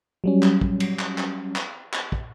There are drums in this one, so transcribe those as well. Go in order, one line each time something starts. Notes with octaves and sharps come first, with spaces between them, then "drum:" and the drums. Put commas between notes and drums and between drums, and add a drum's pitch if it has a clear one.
F#3 G3 C#4
drum: clap
drum: kick
drum: cymbal
drum: clap
drum: clap
drum: clap
drum: clap
drum: kick